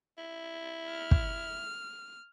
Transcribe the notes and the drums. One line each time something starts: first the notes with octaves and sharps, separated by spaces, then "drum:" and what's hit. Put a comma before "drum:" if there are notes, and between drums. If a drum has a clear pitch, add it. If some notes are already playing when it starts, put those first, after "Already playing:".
E4
F6
drum: kick